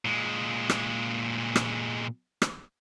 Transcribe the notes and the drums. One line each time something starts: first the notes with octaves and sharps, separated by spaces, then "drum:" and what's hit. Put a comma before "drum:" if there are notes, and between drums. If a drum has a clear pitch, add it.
A#2 G#3
drum: rim click
drum: rim click
drum: rim click